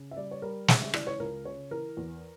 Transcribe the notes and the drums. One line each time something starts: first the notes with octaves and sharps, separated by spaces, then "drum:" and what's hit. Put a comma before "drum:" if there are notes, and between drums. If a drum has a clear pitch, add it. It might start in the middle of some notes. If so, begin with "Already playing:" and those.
Already playing: C#3
E5
G3 D5
C#5
G3 A#4
C#3, drum: snare
E5
E3 D5, drum: rim click
C#5
C#2 A#4
C#3 C#5
E3 A#4
E2